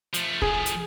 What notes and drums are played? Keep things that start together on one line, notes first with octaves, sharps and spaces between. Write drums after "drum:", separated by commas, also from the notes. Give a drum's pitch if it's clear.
F3 A3, drum: hi-hat
G#4, drum: kick
drum: hi-hat